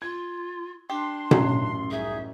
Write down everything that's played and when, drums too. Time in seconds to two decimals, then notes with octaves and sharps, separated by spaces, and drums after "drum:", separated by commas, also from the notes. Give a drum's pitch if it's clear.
0.02 F4 G#6
0.90 D4 G4 C6
1.31 A1 F#2 F#3, drum: tom B2
1.90 C2 D#4 G#4 E5